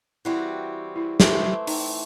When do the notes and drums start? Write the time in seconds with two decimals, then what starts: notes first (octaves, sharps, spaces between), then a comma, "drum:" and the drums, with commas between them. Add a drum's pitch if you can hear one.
0.25 E3 G3 C4 E4 F#4
0.96 E4
1.20 E3 A3 C4, drum: snare
1.67 D#4, drum: open hi-hat